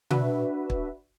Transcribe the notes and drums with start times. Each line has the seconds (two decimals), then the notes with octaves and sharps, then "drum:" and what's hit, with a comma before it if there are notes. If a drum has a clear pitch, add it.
0.10 D4 F#4 B4 E5, drum: tom B2
0.70 drum: kick